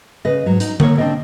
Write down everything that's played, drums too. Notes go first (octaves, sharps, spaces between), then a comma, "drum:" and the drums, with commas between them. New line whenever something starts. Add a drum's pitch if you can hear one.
C#3 B4 D#5
G#2 F#3
D#4, drum: hi-hat
A#3 C#5, drum: tom D3
C4 D4 D#4 F4 D#5 G5